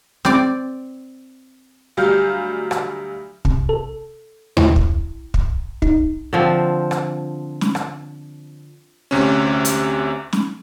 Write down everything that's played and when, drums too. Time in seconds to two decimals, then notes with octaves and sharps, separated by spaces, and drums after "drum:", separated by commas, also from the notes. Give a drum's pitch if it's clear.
0.25 C4 D5, drum: snare
1.97 D2 F#3 G3 F5 F6 G6
2.71 drum: rim click
3.45 C3, drum: kick
3.69 A4
4.57 E4, drum: tom D#2
4.76 drum: kick
5.34 drum: kick
5.82 D#4, drum: kick
6.33 D3 F3 C4
6.91 drum: rim click
7.61 drum: snare
7.75 drum: rim click
9.11 D2 C3 C#4
9.65 drum: hi-hat
10.33 drum: snare